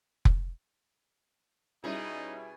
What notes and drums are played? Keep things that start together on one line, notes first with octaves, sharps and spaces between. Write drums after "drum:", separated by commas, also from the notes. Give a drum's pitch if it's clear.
drum: kick F1
B2 G3 C#4 D#4 E4 G#4